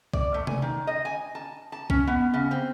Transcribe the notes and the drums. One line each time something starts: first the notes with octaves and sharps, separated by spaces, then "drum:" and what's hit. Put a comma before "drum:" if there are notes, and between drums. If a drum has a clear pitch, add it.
D5, drum: kick
A3
G#5, drum: tom C3
D#3
D#5
G#5
A5
A5
C#4, drum: kick
B3
C#3
C4